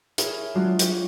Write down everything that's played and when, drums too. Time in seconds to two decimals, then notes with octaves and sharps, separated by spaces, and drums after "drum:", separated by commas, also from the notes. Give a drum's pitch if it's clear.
0.18 E4 G#4 A#4 C#5 E5, drum: hi-hat
0.55 F#3 G#3 D4 F4 F#4
0.79 G5 C#6, drum: hi-hat